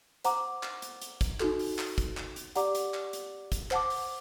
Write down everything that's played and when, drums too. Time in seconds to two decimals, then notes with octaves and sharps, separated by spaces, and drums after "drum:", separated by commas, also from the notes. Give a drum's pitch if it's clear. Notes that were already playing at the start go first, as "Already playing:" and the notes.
0.25 C5 F#5 A#5 D6, drum: hi-hat
0.63 drum: clap
0.82 drum: hi-hat
1.02 drum: hi-hat
1.21 drum: kick, hi-hat
1.40 D#4 F#4 A4, drum: clap
1.59 drum: open hi-hat
1.79 drum: clap
1.98 drum: kick, hi-hat
2.17 drum: clap
2.36 drum: hi-hat
2.56 G4 D5 F#5 A#5 D6, drum: hi-hat
2.75 drum: hi-hat
2.94 drum: clap
3.13 drum: hi-hat
3.52 drum: kick, hi-hat
3.71 C5 F#5 A5 D6, drum: clap
3.90 drum: open hi-hat